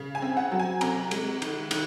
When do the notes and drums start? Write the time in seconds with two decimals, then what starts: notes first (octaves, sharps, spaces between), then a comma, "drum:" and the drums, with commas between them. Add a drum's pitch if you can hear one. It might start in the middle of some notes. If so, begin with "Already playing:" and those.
Already playing: C#3
0.15 G#5
0.22 C4
0.37 F#5
0.52 F#3
0.60 G#5
0.81 C3 A#5, drum: cymbal
1.11 G#3, drum: cymbal
1.42 D#3, drum: cymbal
1.71 D#3, drum: cymbal